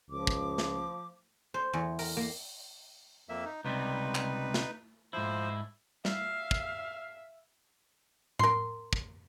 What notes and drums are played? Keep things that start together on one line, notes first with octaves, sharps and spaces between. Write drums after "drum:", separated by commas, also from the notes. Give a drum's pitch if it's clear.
C#2 F3 D6
drum: kick
drum: snare
C5
E2
A#4, drum: open hi-hat
A#3
F2 A#3 E5
D#4
C#2 C3 G3 D#4 B4
drum: clap
drum: snare
G#2 F3 E4 C5
G3 E5 F5, drum: snare
drum: kick
A#4 C6, drum: tom A2
drum: kick